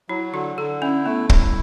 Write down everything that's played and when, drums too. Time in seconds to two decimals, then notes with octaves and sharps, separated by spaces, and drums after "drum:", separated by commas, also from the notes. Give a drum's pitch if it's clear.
0.09 F#3 E4
0.33 D3 F#4
0.57 D3 A4
0.81 C#4 E4
1.05 A3 B3
1.30 G3 E4, drum: kick